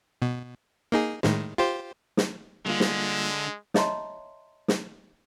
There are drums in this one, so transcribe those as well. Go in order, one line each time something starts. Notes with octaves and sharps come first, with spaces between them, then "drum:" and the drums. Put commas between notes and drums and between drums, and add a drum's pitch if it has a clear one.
B2
A#3 D#4 G#4
A2 D#3 G#3, drum: snare
F4 G4 C5
drum: snare
D3 G3 G#3 A#3 F4
drum: snare
C#5 D#5 E5 A5 A#5 C6, drum: snare
drum: snare